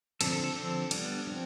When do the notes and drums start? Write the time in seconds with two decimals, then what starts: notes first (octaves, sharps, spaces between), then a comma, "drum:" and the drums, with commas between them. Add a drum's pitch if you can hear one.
0.21 D3 F3 C4 A4, drum: cymbal
0.32 A4
0.44 A4
0.55 D3 F3 C4 A4
0.91 G3 B3 D4, drum: cymbal
1.27 F3 C4